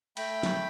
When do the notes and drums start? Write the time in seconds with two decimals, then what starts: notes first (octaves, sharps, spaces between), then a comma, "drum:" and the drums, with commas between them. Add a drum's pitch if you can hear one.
0.17 A3 G5 B5, drum: cymbal
0.43 drum: snare